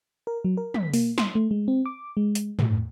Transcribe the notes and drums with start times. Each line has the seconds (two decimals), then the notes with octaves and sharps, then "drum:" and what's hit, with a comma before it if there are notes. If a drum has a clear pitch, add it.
0.27 A#4
0.45 F#3
0.57 A#4
0.74 B6, drum: tom
0.94 A#3, drum: open hi-hat
1.18 C6, drum: snare
1.35 A3
1.51 G#3
1.68 C4
1.86 D6
2.17 G#3
2.35 drum: hi-hat
2.59 A2, drum: tom